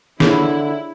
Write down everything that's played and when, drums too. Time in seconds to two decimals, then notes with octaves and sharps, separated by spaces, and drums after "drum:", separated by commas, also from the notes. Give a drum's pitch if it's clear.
0.20 D3 D4 E4 F4 G#4 C#5, drum: snare